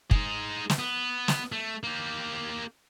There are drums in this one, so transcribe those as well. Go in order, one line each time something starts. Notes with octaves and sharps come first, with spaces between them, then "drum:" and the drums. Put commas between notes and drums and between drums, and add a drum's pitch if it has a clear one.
G#3 D#4, drum: kick
drum: snare
B3
drum: snare
A3
A#3 G4